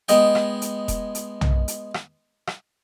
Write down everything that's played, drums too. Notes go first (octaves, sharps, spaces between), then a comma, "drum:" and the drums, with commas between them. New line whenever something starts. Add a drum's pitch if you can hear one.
G#3 B3 D#5 G5, drum: hi-hat
drum: rim click
drum: hi-hat
drum: kick E1, hi-hat
drum: hi-hat
drum: tom B1
drum: hi-hat
drum: rim click
drum: rim click